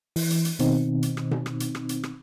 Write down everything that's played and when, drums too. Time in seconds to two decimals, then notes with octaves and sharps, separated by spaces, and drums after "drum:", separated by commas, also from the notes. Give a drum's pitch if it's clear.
0.16 E3, drum: open hi-hat
0.30 drum: hi-hat
0.45 drum: hi-hat
0.59 B2 D#3 C4 D#4, drum: hi-hat
1.03 drum: hi-hat
1.17 drum: rim click
1.31 drum: tom B2
1.46 drum: rim click
1.60 drum: hi-hat
1.75 drum: rim click
1.89 drum: hi-hat
2.03 drum: rim click